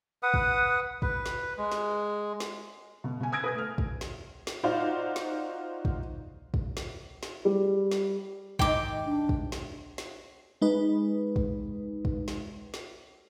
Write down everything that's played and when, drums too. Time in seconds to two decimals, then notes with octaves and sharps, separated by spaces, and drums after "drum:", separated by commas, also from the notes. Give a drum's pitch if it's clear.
0.23 B4 F#5 D#6
0.34 drum: kick
1.02 B4, drum: kick
1.26 drum: snare
1.57 G#3
1.72 drum: snare
2.40 drum: snare
3.04 B2
3.21 B2 G#5
3.32 G#5 D#6 E6 G#6 A#6 D7
3.44 B4 D#6 G#6
3.55 A3 F6
3.78 drum: kick
4.01 drum: snare
4.47 drum: snare
4.63 D#4 F4 F#4 C5 D5 F5
5.16 drum: snare
5.85 drum: kick
6.54 drum: kick
6.77 drum: snare
7.23 drum: snare
7.45 G3
7.91 drum: snare
8.59 G#2 D#3 G5 D6, drum: kick
9.05 D4
9.29 drum: kick
9.52 drum: snare
9.98 drum: snare
10.62 G#3 D#4 B4
11.36 drum: kick
12.05 drum: kick
12.28 drum: snare
12.74 drum: snare